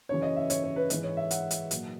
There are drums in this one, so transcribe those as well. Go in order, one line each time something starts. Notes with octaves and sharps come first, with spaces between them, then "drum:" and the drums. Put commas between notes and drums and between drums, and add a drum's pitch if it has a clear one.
F#2 C#3 E3 C#5
D#5
E5
C#5, drum: hi-hat
C#5
B4
G#2 E3 B4, drum: hi-hat
C#5
E5
F#5, drum: hi-hat
drum: hi-hat
A#2 F#3, drum: hi-hat